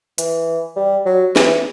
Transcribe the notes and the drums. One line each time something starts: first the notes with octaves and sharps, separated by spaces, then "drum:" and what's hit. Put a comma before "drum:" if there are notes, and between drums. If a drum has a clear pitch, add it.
E3, drum: hi-hat
G3
F#3
E3, drum: snare